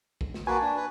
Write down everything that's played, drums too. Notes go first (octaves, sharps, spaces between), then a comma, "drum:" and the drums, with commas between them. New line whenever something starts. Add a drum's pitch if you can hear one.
drum: kick
drum: snare
A#3 F#4 B4 G#5 A5
D4
B4